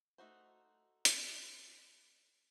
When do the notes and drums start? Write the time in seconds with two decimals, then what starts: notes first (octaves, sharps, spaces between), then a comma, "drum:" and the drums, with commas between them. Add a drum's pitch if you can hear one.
0.18 A3 D#4 F#4 C5
1.05 drum: hi-hat